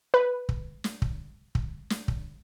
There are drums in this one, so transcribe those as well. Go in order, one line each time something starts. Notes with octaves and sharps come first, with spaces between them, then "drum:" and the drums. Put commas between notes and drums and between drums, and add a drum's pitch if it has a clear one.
B4
drum: kick
drum: snare
drum: kick
drum: kick
drum: snare
drum: kick